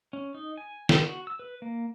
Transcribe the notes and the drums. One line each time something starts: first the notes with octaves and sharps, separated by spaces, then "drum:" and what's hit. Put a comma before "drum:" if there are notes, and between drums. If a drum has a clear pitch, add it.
C#4
D#4
G#5
G5, drum: snare
F#4
E6
B4
A#3